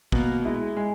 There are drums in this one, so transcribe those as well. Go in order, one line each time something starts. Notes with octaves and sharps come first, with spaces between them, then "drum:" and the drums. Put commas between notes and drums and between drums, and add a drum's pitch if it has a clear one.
B2 A#3, drum: kick
G#3 E4
G#3